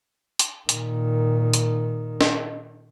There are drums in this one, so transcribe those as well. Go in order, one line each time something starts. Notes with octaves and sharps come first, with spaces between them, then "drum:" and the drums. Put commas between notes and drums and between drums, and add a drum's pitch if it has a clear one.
drum: hi-hat
A#2 D#3, drum: hi-hat
drum: hi-hat
drum: snare